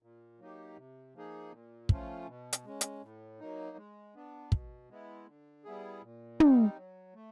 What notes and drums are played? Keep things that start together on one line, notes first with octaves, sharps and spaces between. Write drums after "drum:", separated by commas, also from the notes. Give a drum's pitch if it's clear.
A#2
F#3 A#3 D#4 G4
C3
F3 A#3 D#4 G#4
A#2
F3 A3 C#4 F4, drum: kick
B2
drum: hi-hat
G#3 C#4
drum: hi-hat
A2
F#3 A#3 D#4
G#3
B3 D4
B2, drum: kick
G#3 B3 E4
D3
G3 B3 E4 G#4
A#2
G3 C4 D#4, drum: tom
F#3
A3